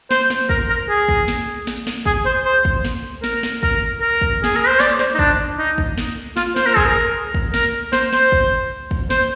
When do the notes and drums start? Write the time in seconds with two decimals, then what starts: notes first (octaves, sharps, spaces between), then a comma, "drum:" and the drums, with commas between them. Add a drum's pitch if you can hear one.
0.11 C5, drum: snare
0.30 drum: snare
0.49 A#4, drum: kick
0.69 A#4
0.89 G#4
1.09 drum: kick
1.28 drum: snare
1.67 drum: snare
1.87 drum: snare
2.06 G#4, drum: kick
2.26 C5
2.45 C5
2.65 drum: kick
2.85 drum: snare
3.24 A#4, drum: snare
3.43 drum: snare
3.63 A#4, drum: kick
4.02 A#4
4.21 drum: kick
4.44 G#4, drum: snare
4.56 A#4
4.67 C5
4.80 D5, drum: snare
4.99 C5, drum: snare
5.15 D#4
5.19 D4, drum: kick
5.59 D#4
5.78 drum: kick
5.98 drum: snare
6.37 F4, drum: snare
6.56 C5, drum: snare
6.66 A#4
6.77 G#4, drum: kick
6.86 A#4
7.34 drum: kick
7.54 A#4, drum: snare
7.93 C5, drum: snare
8.13 C5, drum: snare
8.32 drum: kick
8.91 drum: kick
9.10 C5, drum: snare